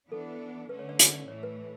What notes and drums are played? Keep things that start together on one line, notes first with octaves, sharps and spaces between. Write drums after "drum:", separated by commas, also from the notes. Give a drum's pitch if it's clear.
E3 B3 D4 A4
D3 A3 C#4 B4
C#5
D5
C#5, drum: hi-hat
D5
A2 E3 A3 C#5
B4